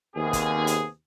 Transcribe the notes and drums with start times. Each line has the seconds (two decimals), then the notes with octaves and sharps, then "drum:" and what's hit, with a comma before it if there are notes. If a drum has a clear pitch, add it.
0.16 D#2 C3 B3 G#4
0.33 drum: kick, hi-hat
0.67 drum: hi-hat